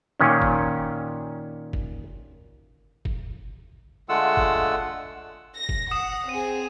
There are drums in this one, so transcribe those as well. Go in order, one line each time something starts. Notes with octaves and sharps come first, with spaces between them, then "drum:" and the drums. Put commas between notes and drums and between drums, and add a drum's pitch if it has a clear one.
A#2 D#3 C#4
drum: kick F#1
drum: kick F#1
drum: kick F#1
D3 G#3 A3 F4 F#5 E6
drum: kick F#1
A#6
drum: kick F#1
F#5 D#6 E7
C4 G#4 D#7